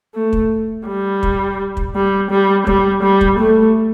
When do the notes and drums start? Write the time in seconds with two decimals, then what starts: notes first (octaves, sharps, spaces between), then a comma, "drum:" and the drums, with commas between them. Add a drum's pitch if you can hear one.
0.15 A3
0.33 drum: kick
0.87 G3
1.23 drum: kick
1.77 drum: kick
1.95 G3
2.31 G3
2.67 G3, drum: kick
3.03 G3
3.21 drum: kick
3.39 A3